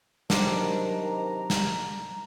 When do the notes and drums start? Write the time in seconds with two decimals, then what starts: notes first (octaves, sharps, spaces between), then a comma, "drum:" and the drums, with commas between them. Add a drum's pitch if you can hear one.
0.30 C3 D#3 F#3 D4 G4 C5 A#5, drum: snare
1.50 drum: snare